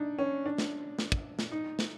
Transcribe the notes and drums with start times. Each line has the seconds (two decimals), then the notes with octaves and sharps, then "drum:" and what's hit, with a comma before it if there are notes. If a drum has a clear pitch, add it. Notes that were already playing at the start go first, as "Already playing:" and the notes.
Already playing: D4 D#4
0.19 C#4
0.46 D4
0.58 drum: snare
0.99 drum: snare
1.12 drum: kick
1.39 drum: snare
1.52 D#4
1.79 drum: snare